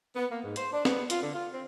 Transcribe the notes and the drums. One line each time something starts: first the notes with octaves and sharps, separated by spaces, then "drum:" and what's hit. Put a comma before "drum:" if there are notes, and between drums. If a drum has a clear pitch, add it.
B3
A#3
G#2
C5, drum: hi-hat
D4
B3, drum: snare
F4, drum: hi-hat
D3
F4
C4